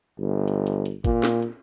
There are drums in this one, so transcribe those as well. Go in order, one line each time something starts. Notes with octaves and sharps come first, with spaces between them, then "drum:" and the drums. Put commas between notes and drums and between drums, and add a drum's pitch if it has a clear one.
G1
drum: hi-hat
drum: hi-hat
drum: hi-hat
A#2, drum: kick, hi-hat
drum: snare
drum: hi-hat